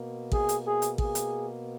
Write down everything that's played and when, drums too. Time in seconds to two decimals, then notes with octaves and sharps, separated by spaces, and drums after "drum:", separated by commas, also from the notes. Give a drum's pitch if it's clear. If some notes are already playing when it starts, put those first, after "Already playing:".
Already playing: B2 A#3
0.32 G#4, drum: kick A1
0.49 drum: hi-hat
0.66 G#4
0.82 drum: hi-hat
0.98 B2 A#3 G#4, drum: kick A1
1.15 drum: hi-hat